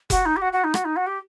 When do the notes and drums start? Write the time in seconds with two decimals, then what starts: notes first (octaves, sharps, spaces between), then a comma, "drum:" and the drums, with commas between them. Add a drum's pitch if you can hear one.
0.10 F#4, drum: kick F1, hi-hat
0.25 D#4
0.36 G4
0.41 F#4
0.52 F#4
0.64 D#4
0.74 F#4, drum: rim click
0.84 D#4
0.96 F#4
1.06 G4